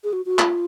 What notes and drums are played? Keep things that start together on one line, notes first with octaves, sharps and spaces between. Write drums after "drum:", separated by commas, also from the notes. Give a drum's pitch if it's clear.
G#4
F#4
F#4
F4, drum: clap